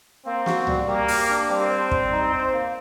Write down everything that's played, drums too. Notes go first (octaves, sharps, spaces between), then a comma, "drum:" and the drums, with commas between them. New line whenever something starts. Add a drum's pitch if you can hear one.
A#3 C4
F#4, drum: snare
G3, drum: tom C2
A#3 G4
G4, drum: open hi-hat
D4
G3 C4
C5
G3, drum: kick
D#4
C5
A#3